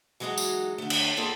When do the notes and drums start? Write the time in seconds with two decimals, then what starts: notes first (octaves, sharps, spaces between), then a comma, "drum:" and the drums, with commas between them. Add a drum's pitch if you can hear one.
0.20 E3 F#3 G#3 D#4 F#4 A4
0.38 drum: tambourine
0.78 D3 A3
0.90 drum: cymbal
1.17 E2 A#3 F4 G#4 A4